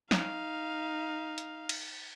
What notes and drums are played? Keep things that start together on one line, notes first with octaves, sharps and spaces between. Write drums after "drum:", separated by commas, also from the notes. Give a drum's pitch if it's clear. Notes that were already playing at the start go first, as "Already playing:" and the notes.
D#4 F5, drum: snare
drum: hi-hat
drum: cymbal